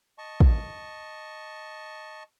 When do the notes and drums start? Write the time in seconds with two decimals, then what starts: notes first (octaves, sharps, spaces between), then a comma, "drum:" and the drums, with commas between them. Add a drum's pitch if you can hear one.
0.18 D#5 A5 C#6
0.40 drum: kick